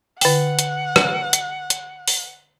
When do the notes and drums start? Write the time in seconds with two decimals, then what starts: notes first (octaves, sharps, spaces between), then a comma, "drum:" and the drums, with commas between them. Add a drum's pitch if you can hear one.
0.21 D3 F#5 G5, drum: open hi-hat
0.59 drum: hi-hat
0.96 drum: rim click
1.33 drum: hi-hat
1.70 drum: hi-hat
2.08 drum: open hi-hat